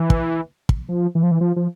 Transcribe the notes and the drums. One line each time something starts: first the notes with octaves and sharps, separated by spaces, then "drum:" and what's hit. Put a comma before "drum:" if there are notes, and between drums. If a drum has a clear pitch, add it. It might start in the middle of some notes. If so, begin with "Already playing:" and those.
Already playing: E3
drum: kick
drum: kick
F3
E3
F3
E3
F3
F3